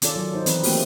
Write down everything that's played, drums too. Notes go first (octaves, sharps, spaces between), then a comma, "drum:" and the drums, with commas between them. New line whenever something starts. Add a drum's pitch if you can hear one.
D#3 C#4 F4 A4 D5, drum: hi-hat
F#3
D#4 C5
E3 C4 B4, drum: hi-hat
E3 A3 A#3 C4 F#4 G4, drum: open hi-hat